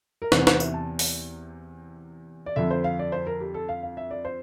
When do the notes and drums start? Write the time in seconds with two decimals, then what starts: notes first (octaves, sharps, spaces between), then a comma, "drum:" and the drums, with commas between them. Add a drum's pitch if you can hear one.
0.22 A#4
0.32 E2 C3 E3 C5, drum: snare
0.47 C5, drum: snare
0.60 E5, drum: tambourine
0.74 A5
0.99 drum: open hi-hat
2.46 D5
2.56 F2 D3 E5
2.71 C5
2.84 F5
2.99 D5
3.12 C5
3.27 A#4
3.41 G4
3.54 A4
3.69 F5
3.83 F5
3.97 E5
4.11 D5
4.25 C5